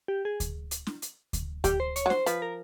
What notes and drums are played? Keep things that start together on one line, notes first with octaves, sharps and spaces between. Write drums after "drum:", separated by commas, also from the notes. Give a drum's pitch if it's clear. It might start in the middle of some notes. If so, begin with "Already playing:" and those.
G4
G#4
drum: kick D2, hi-hat
drum: hi-hat
drum: snare
drum: hi-hat
drum: kick D2, hi-hat
G3 G4, drum: kick D2, hi-hat
C5
C#5, drum: hi-hat
F#3
C5, drum: snare
F3 B4, drum: hi-hat
A#4